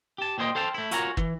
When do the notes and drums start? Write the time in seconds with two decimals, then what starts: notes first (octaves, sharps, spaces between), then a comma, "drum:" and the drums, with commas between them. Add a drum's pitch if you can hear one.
0.18 G4 A5
0.38 A#2 A#3 G#4 C5 D#5 G5
0.55 A4 C5 F5 G5 A5
0.74 A3 E4
0.91 F4 F#4 A#4 C#5 G#5 A#5, drum: hi-hat
1.17 E3, drum: kick